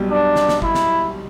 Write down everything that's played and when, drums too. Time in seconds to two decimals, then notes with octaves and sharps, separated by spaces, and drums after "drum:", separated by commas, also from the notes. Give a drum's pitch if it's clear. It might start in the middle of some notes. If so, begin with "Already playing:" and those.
Already playing: B1 B2 G3
0.10 D4
0.36 drum: snare
0.49 drum: snare
0.62 E4, drum: kick F#1
0.75 drum: snare